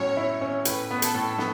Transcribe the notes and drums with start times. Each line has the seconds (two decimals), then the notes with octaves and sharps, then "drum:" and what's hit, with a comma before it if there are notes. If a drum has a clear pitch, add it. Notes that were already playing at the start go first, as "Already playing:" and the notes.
Already playing: A2 F#3 C#4 C#5
0.17 E4
0.41 C#4
0.65 A2 B4, drum: hi-hat
0.91 B3
1.02 A4, drum: hi-hat
1.15 A2
1.38 B3, drum: snare